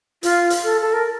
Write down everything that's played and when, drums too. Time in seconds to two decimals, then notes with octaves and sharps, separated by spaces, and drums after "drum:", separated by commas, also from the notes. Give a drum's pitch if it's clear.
0.23 F4, drum: hi-hat
0.50 drum: hi-hat
0.64 A4
0.81 A4
0.93 A#4